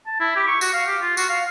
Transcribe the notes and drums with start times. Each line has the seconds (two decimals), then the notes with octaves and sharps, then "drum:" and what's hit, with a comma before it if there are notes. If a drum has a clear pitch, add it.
0.06 A5
0.20 E4
0.36 G4
0.48 C#6
0.61 F#4, drum: tambourine
0.74 F5
0.87 G4
1.02 F4
1.17 F#4, drum: tambourine
1.29 F5